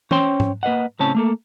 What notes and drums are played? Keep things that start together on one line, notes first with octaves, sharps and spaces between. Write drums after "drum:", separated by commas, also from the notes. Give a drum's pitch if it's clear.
C#4 C5 C#5 G5 C6, drum: tom
drum: tom G#2
A#3 B4 D#5 F#5
A2 C#3 C4 C#4 C#5 A5
A3 A#3 A4